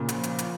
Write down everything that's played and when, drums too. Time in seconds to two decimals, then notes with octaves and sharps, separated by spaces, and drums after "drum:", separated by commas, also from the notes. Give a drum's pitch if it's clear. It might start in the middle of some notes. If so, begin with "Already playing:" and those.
Already playing: A#2 C#3
0.09 F3, drum: hi-hat
0.23 drum: hi-hat
0.39 drum: hi-hat